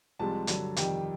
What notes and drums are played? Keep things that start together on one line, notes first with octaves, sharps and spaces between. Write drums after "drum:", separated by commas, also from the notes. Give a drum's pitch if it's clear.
C2 C3 F3 G#3 A5
G2 D3 F#3, drum: hi-hat
F2 C3 D#3 G3 G5, drum: hi-hat